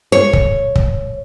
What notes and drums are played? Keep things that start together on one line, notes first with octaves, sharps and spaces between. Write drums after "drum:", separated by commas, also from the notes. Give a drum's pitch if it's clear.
C#5
drum: kick
drum: kick